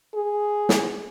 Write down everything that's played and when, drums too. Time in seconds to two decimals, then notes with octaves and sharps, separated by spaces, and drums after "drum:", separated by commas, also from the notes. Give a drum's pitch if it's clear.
0.15 G#4
0.69 drum: snare